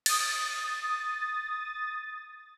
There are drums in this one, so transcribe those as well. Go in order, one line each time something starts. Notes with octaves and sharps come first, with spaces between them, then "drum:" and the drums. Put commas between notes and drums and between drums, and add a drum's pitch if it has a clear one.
D#6 A6, drum: cymbal